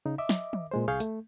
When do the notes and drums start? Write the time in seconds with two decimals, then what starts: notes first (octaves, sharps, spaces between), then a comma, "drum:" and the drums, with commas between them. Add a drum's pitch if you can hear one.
0.06 C#3 D#4
0.18 D#5 E5 D6
0.29 drum: snare
0.53 drum: tom
0.71 A#2 G#3 C5
0.88 C2 G#4 F5 C#6 G6
1.00 A3, drum: hi-hat